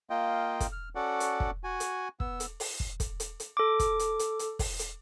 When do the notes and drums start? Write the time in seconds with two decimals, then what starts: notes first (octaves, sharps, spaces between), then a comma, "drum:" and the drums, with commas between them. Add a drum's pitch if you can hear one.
0.10 A#3 F4 D#5 G5
0.60 drum: kick, hi-hat
0.72 F6
0.95 C#4 F#4 A4 D5 F#5
1.20 drum: hi-hat
1.40 drum: kick
1.64 F#4 G#5
1.80 drum: hi-hat
2.20 B3 E6, drum: kick
2.40 drum: hi-hat
2.60 drum: open hi-hat
2.80 drum: kick
3.00 drum: kick, hi-hat
3.20 drum: hi-hat
3.40 drum: hi-hat
3.57 A4 D6
3.80 drum: kick, hi-hat
3.99 drum: hi-hat
4.19 drum: hi-hat
4.39 drum: hi-hat
4.59 drum: kick, open hi-hat
4.79 drum: hi-hat